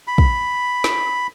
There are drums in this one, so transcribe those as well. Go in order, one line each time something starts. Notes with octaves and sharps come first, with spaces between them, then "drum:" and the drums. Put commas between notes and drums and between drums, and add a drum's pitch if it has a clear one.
B5
drum: kick
drum: snare